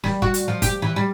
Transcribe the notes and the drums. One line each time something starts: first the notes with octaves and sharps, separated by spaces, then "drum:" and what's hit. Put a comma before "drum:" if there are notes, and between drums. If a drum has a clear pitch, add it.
G3, drum: snare
F#4, drum: kick
drum: hi-hat
F3
G4, drum: kick, hi-hat
E3
G3